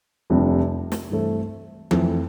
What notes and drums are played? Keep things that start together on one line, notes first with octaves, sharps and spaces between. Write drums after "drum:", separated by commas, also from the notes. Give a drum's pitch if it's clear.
F1 F2 C3 G3 D4
drum: snare
G2 E3 A3 C4
F2 E3 A3, drum: tom F3